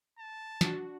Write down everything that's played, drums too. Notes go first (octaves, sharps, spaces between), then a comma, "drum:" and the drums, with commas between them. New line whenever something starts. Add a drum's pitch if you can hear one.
A5
D4 F#4, drum: snare